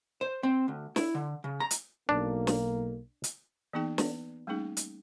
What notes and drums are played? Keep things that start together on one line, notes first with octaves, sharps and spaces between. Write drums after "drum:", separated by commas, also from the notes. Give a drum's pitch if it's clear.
C5
C4
D2
E4, drum: snare
D3
C#3
A#5
drum: hi-hat
B1 A#3 D4
drum: snare
drum: hi-hat
E3 A#3 B3 D#4 G#4 G5
B3 B4 D5, drum: snare
G3 A3 A#3 C#4 D#4 G#4
drum: hi-hat